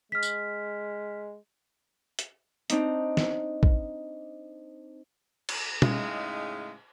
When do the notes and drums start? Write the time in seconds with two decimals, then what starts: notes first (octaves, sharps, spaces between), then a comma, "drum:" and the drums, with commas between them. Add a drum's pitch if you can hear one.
0.12 G#3 F6 B6
0.23 drum: tambourine
2.19 drum: hi-hat
2.70 C4 D4 D#4, drum: hi-hat
3.17 drum: snare
3.63 drum: kick
5.49 drum: cymbal
5.82 A2 C#3 G#3 D#4, drum: tom B2